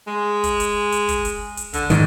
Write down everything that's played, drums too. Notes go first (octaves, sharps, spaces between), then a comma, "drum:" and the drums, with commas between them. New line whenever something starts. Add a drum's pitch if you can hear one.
G#3
drum: kick, hi-hat
drum: hi-hat
drum: hi-hat
drum: kick, hi-hat
drum: hi-hat
drum: hi-hat
D3, drum: kick, hi-hat
G#2 D#3, drum: hi-hat